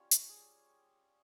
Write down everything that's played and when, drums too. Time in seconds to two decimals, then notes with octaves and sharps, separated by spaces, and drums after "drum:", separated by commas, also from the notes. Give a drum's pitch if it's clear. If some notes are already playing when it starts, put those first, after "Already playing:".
Already playing: G3 C#4 F4 C#5
0.11 drum: hi-hat
0.29 G#4